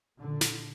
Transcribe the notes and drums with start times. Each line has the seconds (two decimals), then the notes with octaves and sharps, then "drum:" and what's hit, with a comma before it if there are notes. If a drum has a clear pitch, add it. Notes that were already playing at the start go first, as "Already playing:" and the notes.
0.18 A#2 D3
0.41 drum: snare